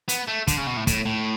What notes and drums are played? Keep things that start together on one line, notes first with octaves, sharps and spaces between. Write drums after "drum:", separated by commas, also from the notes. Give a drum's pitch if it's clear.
B3, drum: hi-hat
A3
D3, drum: kick, hi-hat
C#3
B2
A2
A2, drum: kick, hi-hat
A2